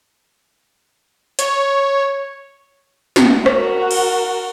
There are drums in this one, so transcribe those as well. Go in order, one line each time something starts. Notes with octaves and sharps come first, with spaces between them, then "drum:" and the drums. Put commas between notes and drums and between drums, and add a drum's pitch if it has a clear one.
C#5, drum: hi-hat
drum: snare
F#4 A#4, drum: rim click
drum: cymbal